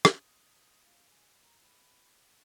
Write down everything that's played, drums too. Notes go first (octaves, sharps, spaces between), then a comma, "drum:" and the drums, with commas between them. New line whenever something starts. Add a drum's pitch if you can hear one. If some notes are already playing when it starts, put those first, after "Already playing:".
drum: rim click
D#6
F5
G#5
A#5
B5